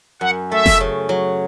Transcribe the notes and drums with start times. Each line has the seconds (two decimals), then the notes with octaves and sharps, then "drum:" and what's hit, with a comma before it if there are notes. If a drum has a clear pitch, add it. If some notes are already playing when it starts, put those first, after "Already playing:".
0.21 F#2 F#5
0.52 A3 E5
0.66 drum: snare F1
0.81 C#3
1.09 F#3